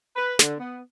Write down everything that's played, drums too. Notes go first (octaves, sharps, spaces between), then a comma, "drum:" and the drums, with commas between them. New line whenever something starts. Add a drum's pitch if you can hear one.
B4
D3, drum: snare
B3